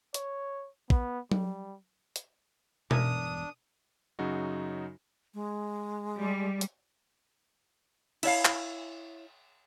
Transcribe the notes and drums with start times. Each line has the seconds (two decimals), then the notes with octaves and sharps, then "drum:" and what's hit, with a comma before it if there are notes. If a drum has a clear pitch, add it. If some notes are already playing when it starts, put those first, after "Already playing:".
0.14 C#5, drum: hi-hat
0.90 B3, drum: kick
1.32 G3, drum: tom F#3
2.16 drum: hi-hat
2.91 E1 G2 D4 A#4 E5 G#5 D#6, drum: tom B2
4.19 F#2 C#3 F#3 D#4 F#4
5.34 G#3
6.19 G3
6.61 drum: hi-hat
8.23 E4 C#5 F5, drum: cymbal
8.45 drum: clap